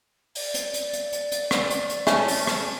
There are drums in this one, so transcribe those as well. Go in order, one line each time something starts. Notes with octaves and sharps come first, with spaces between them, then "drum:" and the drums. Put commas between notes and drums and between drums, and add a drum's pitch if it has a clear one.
D5, drum: open hi-hat
drum: hi-hat
drum: hi-hat
drum: hi-hat
drum: hi-hat
drum: hi-hat
drum: rim click
drum: hi-hat
drum: hi-hat
A3 C#4 A4, drum: rim click
drum: open hi-hat
drum: rim click